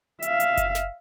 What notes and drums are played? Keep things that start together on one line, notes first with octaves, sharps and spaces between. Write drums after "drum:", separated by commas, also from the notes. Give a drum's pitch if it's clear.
E5 F5, drum: hi-hat
drum: hi-hat
drum: kick F#1, hi-hat
drum: snare